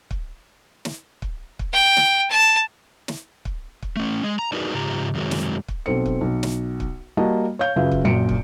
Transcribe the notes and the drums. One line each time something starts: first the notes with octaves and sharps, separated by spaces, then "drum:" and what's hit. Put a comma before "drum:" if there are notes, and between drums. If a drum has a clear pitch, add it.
drum: kick
drum: snare
drum: kick
drum: kick
G5
drum: snare
A5
drum: snare
drum: kick
drum: kick
A3 C#4
G#3
A#5
D4 D#4 F#4 G#4 A#4 B4
G#2 C#3 F4 G4 A#5
F#2 C3 D#3 F3 F#3 G#3
drum: snare
drum: kick
B1 C4 A4 C#7
drum: kick
B1
drum: snare
drum: kick
G3 A#3 F#4 D#5 A5
C#5 F5 G6
F#2 C#3 F4 B4 E5 F5
drum: kick
A#1 F#2 A#2 C#7 D7
drum: kick